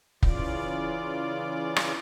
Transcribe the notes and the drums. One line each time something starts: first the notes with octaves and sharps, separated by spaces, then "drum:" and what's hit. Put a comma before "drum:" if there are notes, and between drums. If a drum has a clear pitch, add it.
C#3 E3 F4 D5, drum: kick
drum: rim click